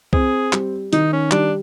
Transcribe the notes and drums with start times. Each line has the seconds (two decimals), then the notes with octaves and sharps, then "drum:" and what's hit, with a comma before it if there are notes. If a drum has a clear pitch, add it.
0.13 C4 G#4, drum: kick C2
0.53 G3, drum: clap
0.93 D#3 D#4, drum: hi-hat
1.12 C#4
1.31 G3 D4, drum: clap